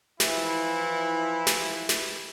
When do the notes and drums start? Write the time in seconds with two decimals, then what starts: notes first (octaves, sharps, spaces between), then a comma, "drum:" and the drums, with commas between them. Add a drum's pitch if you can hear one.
0.20 E3 F3 E4, drum: snare
1.47 drum: snare
1.89 drum: snare